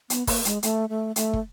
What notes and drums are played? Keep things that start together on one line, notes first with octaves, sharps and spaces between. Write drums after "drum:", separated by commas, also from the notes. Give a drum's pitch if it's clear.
B3, drum: hi-hat
A#3, drum: kick, open hi-hat
G#3, drum: hi-hat
A3, drum: hi-hat
A3
A3, drum: hi-hat
drum: kick